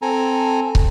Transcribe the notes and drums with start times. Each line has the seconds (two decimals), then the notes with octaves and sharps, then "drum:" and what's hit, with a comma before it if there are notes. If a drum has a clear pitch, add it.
0.02 C4 A4 G#5 A#5
0.75 drum: kick